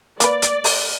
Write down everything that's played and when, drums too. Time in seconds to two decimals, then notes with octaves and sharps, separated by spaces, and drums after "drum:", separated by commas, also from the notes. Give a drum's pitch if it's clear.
0.20 A#3 B4 D5, drum: hi-hat
0.42 drum: hi-hat
0.64 drum: open hi-hat